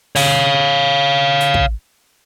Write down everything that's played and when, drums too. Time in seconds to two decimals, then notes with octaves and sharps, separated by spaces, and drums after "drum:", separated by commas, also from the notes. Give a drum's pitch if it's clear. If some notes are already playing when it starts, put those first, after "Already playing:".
0.16 C#5 F5, drum: open hi-hat
1.40 drum: hi-hat
1.54 drum: kick